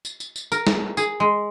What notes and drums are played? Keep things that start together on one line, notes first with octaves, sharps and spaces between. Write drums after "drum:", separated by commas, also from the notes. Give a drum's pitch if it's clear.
drum: tambourine
drum: tambourine
drum: tambourine
A#4, drum: tambourine
drum: snare
G#4, drum: tambourine
G#3